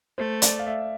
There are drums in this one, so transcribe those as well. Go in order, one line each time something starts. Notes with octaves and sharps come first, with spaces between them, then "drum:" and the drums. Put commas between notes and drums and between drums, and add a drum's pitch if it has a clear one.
A3 C5
D5, drum: hi-hat
F5
E5